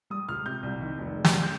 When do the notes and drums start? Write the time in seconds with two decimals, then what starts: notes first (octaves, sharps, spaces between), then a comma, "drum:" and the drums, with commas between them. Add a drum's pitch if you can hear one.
0.10 G3 D#6
0.28 C#2 F6
0.46 C3 G6
0.63 C2
0.81 D#3
0.98 F1
1.15 G#3
1.25 drum: snare
1.34 C#3
1.43 G6